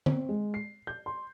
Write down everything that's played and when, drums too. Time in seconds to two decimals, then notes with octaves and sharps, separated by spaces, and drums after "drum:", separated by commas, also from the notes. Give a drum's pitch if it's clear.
0.06 C4, drum: tom D3
0.29 G#3
0.54 C7
0.87 G6
1.06 C6